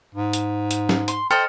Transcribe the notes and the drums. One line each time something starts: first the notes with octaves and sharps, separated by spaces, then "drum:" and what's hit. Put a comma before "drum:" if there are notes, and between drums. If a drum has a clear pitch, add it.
G#2
drum: hi-hat
drum: hi-hat
drum: snare
C6, drum: hi-hat
A4 C5 D#5 G5 F6 C#7